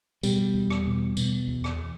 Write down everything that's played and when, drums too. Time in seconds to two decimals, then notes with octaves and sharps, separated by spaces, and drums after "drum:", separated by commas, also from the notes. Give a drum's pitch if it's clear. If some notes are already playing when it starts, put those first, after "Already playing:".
0.23 B2 G3, drum: tambourine
0.54 E2
0.70 drum: rim click
0.86 B2
1.17 B2, drum: tambourine
1.48 E2
1.64 drum: rim click